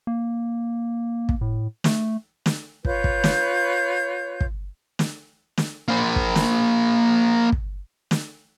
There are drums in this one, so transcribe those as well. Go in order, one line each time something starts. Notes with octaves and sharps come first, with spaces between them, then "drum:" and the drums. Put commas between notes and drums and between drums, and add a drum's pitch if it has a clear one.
A#3
drum: kick
A2
A3, drum: snare
drum: snare
F4 B4 C#5 G6, drum: kick
drum: kick
drum: snare
drum: kick
drum: snare
drum: snare
A#3 C5
drum: kick
drum: snare
drum: kick
drum: snare